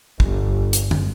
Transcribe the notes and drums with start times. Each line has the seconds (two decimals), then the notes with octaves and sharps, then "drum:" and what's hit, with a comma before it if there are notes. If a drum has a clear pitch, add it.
0.20 G1, drum: kick
0.73 drum: hi-hat
0.91 drum: tom